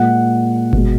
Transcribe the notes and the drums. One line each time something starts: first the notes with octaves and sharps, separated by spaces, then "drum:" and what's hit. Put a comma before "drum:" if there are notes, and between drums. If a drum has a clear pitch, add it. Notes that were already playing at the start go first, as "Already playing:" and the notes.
Already playing: A#2 G#3 F#5
B2 G#3, drum: kick G1